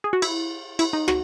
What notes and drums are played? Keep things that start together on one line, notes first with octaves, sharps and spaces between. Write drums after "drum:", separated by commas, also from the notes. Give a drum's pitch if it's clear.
G#4
F#4
E4, drum: cymbal
E4, drum: cymbal
D#4
F#4, drum: rim click